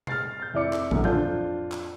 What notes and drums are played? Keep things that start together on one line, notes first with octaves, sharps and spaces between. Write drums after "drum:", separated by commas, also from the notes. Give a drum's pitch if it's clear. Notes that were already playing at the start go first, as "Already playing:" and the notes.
F6 A6 C7, drum: tom B2
G6 A6
F1 E4 D5 D6 C#7
drum: clap
F#2 B2 D3, drum: kick A1
F2 D4 F4 A5 G6, drum: tom A2
drum: clap